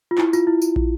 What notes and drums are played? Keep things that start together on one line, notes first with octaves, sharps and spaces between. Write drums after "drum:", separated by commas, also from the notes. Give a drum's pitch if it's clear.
F4
E4, drum: clap
F4, drum: tambourine
E4
drum: tambourine
drum: kick